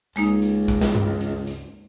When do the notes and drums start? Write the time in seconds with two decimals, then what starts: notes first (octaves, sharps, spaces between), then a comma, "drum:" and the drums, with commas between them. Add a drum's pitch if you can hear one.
0.16 C#2 G#3 A#3 D#4, drum: hi-hat
0.42 drum: hi-hat
0.68 drum: kick, hi-hat
0.81 drum: snare
0.95 drum: tom G2
1.21 drum: hi-hat
1.47 drum: hi-hat